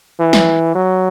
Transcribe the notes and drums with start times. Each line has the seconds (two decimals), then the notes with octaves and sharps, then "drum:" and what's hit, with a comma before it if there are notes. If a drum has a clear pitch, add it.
0.20 E3
0.33 drum: snare
0.75 F#3